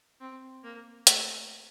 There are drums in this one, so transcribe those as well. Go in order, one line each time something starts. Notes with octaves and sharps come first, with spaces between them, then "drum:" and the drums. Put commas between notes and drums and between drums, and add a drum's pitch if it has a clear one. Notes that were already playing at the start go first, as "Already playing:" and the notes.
C4
A#3
A3, drum: hi-hat